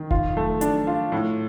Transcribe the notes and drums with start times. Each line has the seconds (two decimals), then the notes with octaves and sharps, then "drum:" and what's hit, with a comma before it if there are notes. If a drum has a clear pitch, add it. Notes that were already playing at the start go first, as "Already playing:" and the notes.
Already playing: D#3
0.11 F4, drum: kick E1
0.37 A3
0.61 D4, drum: hi-hat
0.87 F4
1.12 A2